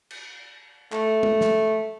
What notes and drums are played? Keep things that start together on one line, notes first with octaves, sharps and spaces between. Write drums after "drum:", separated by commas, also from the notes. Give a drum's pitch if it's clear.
drum: cymbal
A3, drum: clap
drum: tom G#3
drum: snare